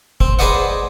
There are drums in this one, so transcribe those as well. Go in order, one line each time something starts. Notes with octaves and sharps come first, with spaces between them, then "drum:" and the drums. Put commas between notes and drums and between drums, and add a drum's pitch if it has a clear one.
C4, drum: kick
G#4 B4 C5 D5 D#5 F#5